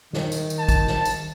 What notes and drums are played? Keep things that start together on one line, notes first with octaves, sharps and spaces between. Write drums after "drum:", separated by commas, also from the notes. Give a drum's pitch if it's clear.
D#3, drum: snare
drum: tambourine
drum: tambourine
A5
drum: kick, tambourine
drum: snare
drum: tambourine